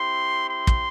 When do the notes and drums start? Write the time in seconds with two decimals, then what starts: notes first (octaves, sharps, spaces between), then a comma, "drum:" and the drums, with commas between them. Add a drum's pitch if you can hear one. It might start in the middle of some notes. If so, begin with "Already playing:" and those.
Already playing: C4 E4 G4 C6
0.47 C6
0.67 drum: kick